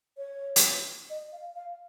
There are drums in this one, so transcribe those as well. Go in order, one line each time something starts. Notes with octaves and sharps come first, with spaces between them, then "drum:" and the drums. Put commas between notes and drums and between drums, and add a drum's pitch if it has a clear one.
C#5
drum: hi-hat
D#5
F5
F5